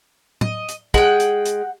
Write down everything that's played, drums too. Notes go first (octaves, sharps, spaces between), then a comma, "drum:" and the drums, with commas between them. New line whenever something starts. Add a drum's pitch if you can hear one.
D#5, drum: tom
drum: hi-hat
G#3 F#5 G5, drum: kick
drum: hi-hat
drum: hi-hat